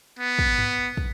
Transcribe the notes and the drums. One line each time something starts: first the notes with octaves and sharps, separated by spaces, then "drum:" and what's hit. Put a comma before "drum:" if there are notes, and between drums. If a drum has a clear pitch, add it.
B3
drum: kick
drum: tom G2
drum: kick